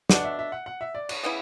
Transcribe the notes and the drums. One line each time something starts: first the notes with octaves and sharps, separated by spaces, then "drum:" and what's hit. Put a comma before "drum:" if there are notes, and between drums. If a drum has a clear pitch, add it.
B2 A3 D4 F#5, drum: snare
E5
E5
F#5
F#5
E5
D5
C#5, drum: cymbal
C#3 E3 B3 E4